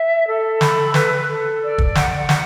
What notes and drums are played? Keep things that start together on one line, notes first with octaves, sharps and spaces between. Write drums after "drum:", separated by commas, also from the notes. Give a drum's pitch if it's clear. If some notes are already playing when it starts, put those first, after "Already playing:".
Already playing: E5
A4
B5, drum: snare
B4, drum: snare
A4
D5
drum: kick
F#5, drum: snare
F#5, drum: snare